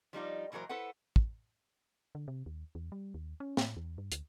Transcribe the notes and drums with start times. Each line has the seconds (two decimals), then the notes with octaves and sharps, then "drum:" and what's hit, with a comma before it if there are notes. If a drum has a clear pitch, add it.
0.13 F3 G3 D#4 F4
0.52 A#2 E3 F#3 A#4 C5
0.69 E4 A4 B4 C5 F#5
1.16 drum: kick
2.15 D3
2.28 C3
2.46 D#2
2.75 E2
2.92 G3
3.14 D#2
3.40 C#4
3.57 A2, drum: snare
3.76 E2
3.98 G2
4.12 D2, drum: hi-hat